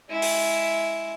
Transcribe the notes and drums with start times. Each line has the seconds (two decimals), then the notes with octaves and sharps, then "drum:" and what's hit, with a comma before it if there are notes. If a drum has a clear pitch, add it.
0.10 G#3 E4
0.22 drum: open hi-hat